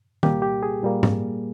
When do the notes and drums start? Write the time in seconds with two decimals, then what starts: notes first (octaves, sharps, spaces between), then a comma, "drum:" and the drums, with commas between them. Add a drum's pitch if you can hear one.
0.23 C2 A#2 G3 A#3 G4, drum: tom D#3
0.42 G4
0.63 G#4
0.83 A#2 G3 A#3
1.03 drum: tom G#2